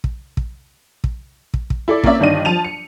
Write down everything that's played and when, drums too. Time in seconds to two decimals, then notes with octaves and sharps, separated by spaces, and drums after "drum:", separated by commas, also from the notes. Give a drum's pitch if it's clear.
0.04 drum: kick
0.37 drum: kick
1.04 drum: kick
1.54 drum: kick
1.70 drum: kick
1.88 E4 A4 D5
2.04 A#3 C4 C#4 D5 E5, drum: kick
2.20 G1 G2 D#3 D4 D#5 D#7
2.45 F3 A5 D#7 F7
2.65 C#7